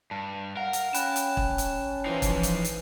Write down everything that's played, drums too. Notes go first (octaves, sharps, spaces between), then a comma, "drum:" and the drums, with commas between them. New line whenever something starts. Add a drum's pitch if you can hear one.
G2 A5
A#4 F5 F#5
drum: hi-hat
C#4 G5 A5 B5 F#6, drum: hi-hat
drum: hi-hat
drum: kick
drum: hi-hat
E3 F3 D#4 C5
drum: kick, hi-hat
drum: hi-hat
drum: hi-hat